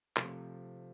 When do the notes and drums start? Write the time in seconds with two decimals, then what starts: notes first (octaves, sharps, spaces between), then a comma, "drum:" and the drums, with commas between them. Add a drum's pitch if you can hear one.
0.17 C3 F3 A3, drum: clap